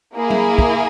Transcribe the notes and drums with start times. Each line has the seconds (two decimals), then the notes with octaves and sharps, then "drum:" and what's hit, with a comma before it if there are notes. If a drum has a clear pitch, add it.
0.16 A#3 E4 G#4
0.30 drum: tom F#3
0.59 drum: kick